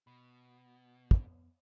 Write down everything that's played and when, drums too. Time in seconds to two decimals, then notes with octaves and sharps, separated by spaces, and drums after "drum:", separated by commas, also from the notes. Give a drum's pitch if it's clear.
0.07 B2 B5
1.11 F2 B3, drum: kick